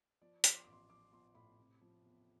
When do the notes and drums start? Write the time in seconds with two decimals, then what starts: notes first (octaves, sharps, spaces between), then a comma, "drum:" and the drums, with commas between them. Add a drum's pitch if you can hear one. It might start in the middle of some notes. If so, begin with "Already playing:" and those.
0.22 F3 D5
0.44 F3 D6, drum: hi-hat
0.55 C6
0.64 A1 D6
0.73 C6
0.90 F3 D6
1.12 F3 C6
1.35 A2 B5
1.59 C3
1.81 F3
2.03 E2